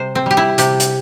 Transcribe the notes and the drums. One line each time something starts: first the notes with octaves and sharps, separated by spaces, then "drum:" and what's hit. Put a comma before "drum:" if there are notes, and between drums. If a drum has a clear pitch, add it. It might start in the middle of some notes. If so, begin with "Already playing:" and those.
Already playing: C3 G3 C5
C4
G3 G4
E4
C3 G4, drum: hi-hat
drum: hi-hat